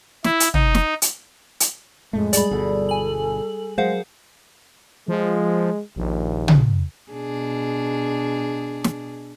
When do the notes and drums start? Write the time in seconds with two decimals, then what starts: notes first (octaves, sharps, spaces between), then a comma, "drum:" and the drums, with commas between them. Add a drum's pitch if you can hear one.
0.24 E4, drum: snare
0.40 drum: hi-hat
0.54 D#4, drum: tom
0.75 drum: snare
1.02 drum: hi-hat
1.60 drum: hi-hat
2.13 F2 A2 G#3 A3
2.33 G3 G#4 D5 B5, drum: hi-hat
2.51 G1 B2 A4
2.89 G#5 F#7
3.78 F#3 G#3 G#4 A#4 C5 F5 F#5
5.08 F3 G#3
5.96 A#1 D#2
6.48 drum: tom
7.12 B2 D4 G#4
8.84 drum: snare